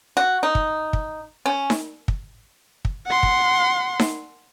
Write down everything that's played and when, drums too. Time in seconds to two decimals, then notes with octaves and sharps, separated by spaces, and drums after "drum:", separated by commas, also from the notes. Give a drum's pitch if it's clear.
0.17 F#4
0.43 D#4
0.55 drum: kick
0.93 drum: kick
1.46 C#4
1.70 drum: snare D#4
2.08 drum: kick
2.85 drum: kick
3.07 F#5 C6
3.23 drum: kick
3.99 drum: snare D#4